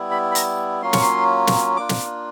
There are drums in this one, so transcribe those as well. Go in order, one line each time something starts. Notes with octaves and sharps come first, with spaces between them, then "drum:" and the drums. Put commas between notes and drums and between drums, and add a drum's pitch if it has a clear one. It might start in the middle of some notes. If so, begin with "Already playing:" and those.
Already playing: G3 B3 E4
B5
B5
A#5, drum: hi-hat
F#3 A#3 C#4 F4 C6
C#6, drum: snare
C6
drum: snare
A#3 D4 F4 D6
drum: snare